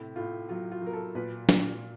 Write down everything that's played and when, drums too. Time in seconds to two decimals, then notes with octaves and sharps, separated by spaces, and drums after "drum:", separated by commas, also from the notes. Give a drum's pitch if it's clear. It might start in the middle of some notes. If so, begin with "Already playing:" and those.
Already playing: A2 C3 E4
0.16 A2 F4
0.49 F#3 F4
0.72 F4
0.82 F#3 A#4
0.93 A4
1.15 A#2 B4
1.49 A#2, drum: snare